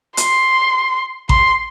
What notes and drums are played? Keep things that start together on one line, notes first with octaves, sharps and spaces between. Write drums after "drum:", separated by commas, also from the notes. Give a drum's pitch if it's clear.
C6, drum: hi-hat
C6, drum: kick A1